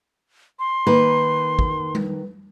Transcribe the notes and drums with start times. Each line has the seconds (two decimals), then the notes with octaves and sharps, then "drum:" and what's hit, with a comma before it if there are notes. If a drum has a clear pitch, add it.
0.59 C6
0.87 D#3 A#3 B4
1.59 drum: kick
1.95 drum: tom G3